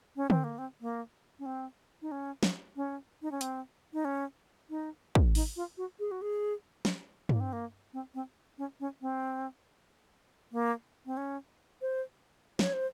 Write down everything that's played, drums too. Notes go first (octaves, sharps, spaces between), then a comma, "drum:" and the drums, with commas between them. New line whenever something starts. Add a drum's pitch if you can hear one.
C#4
C4, drum: tom D3
A#3
C4
A#3
C#4
C4
D#4
C#4
drum: snare
C#4
D#4
C#4
C4, drum: hi-hat
D#4
C#4
D#4
drum: kick
D#4, drum: open hi-hat
F4
F#4
G#4
F#4
G#4
drum: snare
A#3, drum: tom
C4
A#3
C4
C4
C#4
C#4
C4
A#3
C4
C#4
C5
C#5, drum: snare
C5